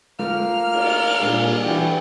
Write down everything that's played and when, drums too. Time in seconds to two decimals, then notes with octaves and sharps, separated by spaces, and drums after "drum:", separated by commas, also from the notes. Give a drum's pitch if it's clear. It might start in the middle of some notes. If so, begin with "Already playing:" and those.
0.19 F3 A3 A#3 A#4 F6
0.74 drum: cymbal
1.21 A#2 G3 D4 G#4
1.64 E3 D4 F#4 G4 A4